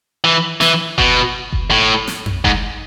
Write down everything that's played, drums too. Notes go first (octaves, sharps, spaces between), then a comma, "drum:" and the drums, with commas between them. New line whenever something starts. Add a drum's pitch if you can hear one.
E3
E3, drum: snare
B2, drum: kick F#1
drum: kick F#1
A2
drum: snare
drum: tom F2
G#2, drum: kick F#1